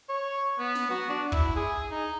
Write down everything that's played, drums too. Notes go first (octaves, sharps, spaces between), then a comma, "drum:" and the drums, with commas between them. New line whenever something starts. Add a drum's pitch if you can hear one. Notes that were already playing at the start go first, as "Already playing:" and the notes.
C#5
B3
drum: snare
F#4
D4
E4, drum: kick
G#4
D#4